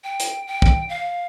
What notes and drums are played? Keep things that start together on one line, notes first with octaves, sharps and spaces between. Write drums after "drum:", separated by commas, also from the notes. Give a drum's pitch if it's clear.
G5
drum: hi-hat
G5
drum: kick
F5